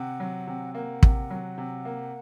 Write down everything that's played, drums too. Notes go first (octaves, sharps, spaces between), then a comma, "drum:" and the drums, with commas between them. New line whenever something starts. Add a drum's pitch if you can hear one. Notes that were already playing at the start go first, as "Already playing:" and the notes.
Already playing: C3 F#5
F#3
C3
A#3 F#5
C3, drum: kick
F#3
C3
A#3